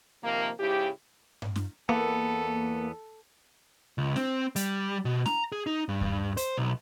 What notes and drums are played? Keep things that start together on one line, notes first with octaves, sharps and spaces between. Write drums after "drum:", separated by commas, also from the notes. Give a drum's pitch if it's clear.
C3 D#3 F3 A#3
G#2 C#3 E4 G4
drum: tom G2
drum: snare
E2 E3 A#3 B3 A4
C#2
C4, drum: snare
G3, drum: hi-hat
B2
A#5, drum: snare
G#4
D#4
G2
drum: kick D#2
C5, drum: hi-hat
B1